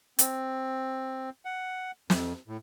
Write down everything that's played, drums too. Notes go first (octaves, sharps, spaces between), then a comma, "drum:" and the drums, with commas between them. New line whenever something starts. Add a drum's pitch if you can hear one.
C4, drum: hi-hat
F#5
F2, drum: snare
A2